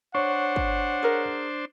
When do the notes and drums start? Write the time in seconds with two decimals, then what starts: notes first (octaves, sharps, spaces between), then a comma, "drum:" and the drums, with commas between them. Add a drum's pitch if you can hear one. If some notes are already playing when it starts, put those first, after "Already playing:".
0.15 D4 C5 C#5 F#5 C#6
0.56 drum: kick
1.03 G#4 A#4